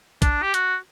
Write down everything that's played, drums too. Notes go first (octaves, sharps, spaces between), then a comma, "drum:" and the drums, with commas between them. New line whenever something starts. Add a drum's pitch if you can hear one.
D4, drum: kick, hi-hat
G4
F#4, drum: hi-hat